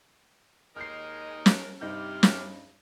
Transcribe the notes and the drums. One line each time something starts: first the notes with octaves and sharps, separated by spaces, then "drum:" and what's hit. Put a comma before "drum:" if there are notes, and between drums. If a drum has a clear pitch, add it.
D#2 G#3 D#4 A#4 F6 G6 C7
drum: snare
G2 C3 G3 D#4 G4 F6 G6
drum: snare